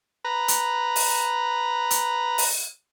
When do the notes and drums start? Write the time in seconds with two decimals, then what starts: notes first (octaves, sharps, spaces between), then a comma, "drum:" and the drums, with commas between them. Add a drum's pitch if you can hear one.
0.25 B4 A#5
0.48 drum: hi-hat
0.96 drum: open hi-hat
1.91 drum: hi-hat
2.38 drum: open hi-hat